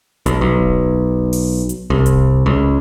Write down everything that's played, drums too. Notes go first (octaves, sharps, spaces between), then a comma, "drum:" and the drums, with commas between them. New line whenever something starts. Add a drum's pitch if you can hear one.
B1, drum: hi-hat
B1
drum: kick D1
drum: open hi-hat
drum: hi-hat
C2
drum: kick D1, hi-hat
C#2